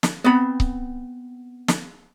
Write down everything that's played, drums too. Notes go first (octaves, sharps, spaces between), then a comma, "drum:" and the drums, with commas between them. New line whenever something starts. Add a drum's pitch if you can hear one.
drum: snare
B3 C4 B5
drum: kick C#1
drum: snare